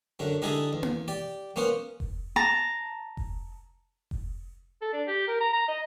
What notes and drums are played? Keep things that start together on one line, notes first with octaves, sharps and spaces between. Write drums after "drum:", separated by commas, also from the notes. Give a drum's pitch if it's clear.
F#2 D3 F#3
D3 G3 D#4 E4 G#4 A4
E2
drum: tom A#3
G4 D5
A#3 B3 C#4 C5 F#5
drum: kick F1
A5 A#5
drum: kick F1
drum: kick F1
A4
D4
G4
A#4
A#5
A#5
D#5